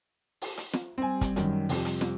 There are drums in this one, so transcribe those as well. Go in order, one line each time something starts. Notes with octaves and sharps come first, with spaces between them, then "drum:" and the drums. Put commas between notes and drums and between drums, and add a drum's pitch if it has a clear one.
drum: open hi-hat
drum: hi-hat
drum: snare
G3 C4 G#5
drum: kick, hi-hat
F#2 D#3 F#3, drum: hi-hat
F2 C3, drum: open hi-hat
drum: hi-hat
drum: snare